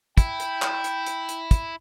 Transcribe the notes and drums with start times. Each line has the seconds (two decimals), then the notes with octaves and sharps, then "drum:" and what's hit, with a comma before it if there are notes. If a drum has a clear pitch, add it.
0.18 E4 G5, drum: kick, hi-hat
0.40 drum: hi-hat
0.62 drum: clap
0.84 drum: hi-hat
1.06 drum: hi-hat
1.29 drum: hi-hat
1.51 drum: kick, hi-hat